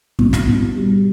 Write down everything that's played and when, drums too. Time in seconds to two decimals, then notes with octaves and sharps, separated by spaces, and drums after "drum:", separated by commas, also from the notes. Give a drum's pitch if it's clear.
0.19 B2, drum: kick
0.33 drum: snare
0.48 B2
0.76 G3